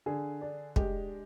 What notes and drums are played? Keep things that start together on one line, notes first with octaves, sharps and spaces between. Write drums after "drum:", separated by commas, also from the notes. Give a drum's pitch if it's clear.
D3 G#4
D4
G#3 G4, drum: kick